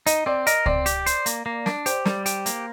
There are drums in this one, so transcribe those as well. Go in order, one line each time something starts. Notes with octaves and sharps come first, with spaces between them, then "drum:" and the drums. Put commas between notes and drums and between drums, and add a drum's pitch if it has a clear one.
D#4 D#5, drum: hi-hat
C4 D5
A#4 D#5, drum: hi-hat
C4 D5, drum: kick C#2
G4, drum: hi-hat
C5, drum: hi-hat
A#3, drum: hi-hat
A#3
D4, drum: snare
G4 C5, drum: hi-hat
G3, drum: snare
G4, drum: hi-hat
A#3, drum: hi-hat